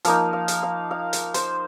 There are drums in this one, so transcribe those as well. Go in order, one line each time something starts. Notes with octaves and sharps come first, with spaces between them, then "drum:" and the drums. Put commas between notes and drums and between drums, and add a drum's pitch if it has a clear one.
F3 A#3 D#4 F5, drum: hi-hat
F5
drum: hi-hat
F5
F5
drum: hi-hat
C5, drum: hi-hat